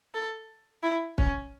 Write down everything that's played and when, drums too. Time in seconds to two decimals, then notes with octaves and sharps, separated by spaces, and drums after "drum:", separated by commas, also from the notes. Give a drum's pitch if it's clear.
0.14 A4
0.83 E4
1.18 C#4, drum: kick